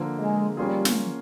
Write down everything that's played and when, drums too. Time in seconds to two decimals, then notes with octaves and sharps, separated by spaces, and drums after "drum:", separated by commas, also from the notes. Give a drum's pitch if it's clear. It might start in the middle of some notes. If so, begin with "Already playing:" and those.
Already playing: D3 F3 A#3
0.19 G#3
0.57 F3 G3 A#3 C#4 F4 G#4
0.85 drum: snare